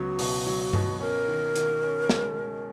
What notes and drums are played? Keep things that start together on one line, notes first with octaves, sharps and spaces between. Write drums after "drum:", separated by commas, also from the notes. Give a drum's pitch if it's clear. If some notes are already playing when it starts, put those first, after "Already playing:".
Already playing: C#2 F#3 B3 F#4
B2, drum: open hi-hat
F#3
B2, drum: tom G2
C#4 A#4
D#3
D#3, drum: hi-hat
C#4
G#3, drum: snare
C#4